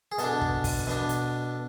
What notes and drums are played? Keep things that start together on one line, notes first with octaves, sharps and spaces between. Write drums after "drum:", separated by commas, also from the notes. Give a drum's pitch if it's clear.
G#4
B2 B3 D4 A4, drum: hi-hat
drum: kick
drum: kick, open hi-hat
B2 B3 D4
drum: hi-hat